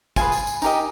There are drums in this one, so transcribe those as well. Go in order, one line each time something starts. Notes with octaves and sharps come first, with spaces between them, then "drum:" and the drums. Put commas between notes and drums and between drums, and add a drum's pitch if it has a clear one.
F4 G#4 B4 G#5, drum: kick, tambourine
drum: tambourine
drum: tambourine
D#4 G4 A#4 D#5, drum: tambourine